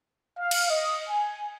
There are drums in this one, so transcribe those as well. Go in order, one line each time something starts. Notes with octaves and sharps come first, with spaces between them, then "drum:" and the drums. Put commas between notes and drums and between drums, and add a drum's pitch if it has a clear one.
F5
drum: cymbal
D#5
G#5